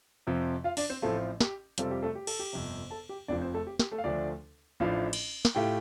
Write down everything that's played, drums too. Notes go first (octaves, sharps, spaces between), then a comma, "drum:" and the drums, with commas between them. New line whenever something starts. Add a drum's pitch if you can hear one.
F2 C3 F3
F4 F5
D4 D5, drum: open hi-hat
C4 C5
A1 A2 F3 A3 C4 F4 A4
G4, drum: snare
F2 C3 G3 C4 F4 A4, drum: hi-hat
G4
A3 A4
G4
A4, drum: cymbal
G4
G1 F2 C3
A4 A5
G4 G5
F1 F2 F3 D4 D5
C4 C5
A3 A4
G4
G4, drum: snare
A3 A4
F5
D2 D3 F3 A3 D4 D5
A1 A2 F3 D4 F4 F5
drum: cymbal
drum: snare
A2 A3 F4 G4 G5